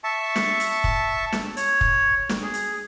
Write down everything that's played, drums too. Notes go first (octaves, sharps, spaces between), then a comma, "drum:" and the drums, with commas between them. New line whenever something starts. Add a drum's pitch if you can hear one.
E5 A5 C#6
drum: snare
drum: hi-hat
drum: kick
drum: snare
C#5, drum: hi-hat
drum: kick
drum: snare
G#4
drum: hi-hat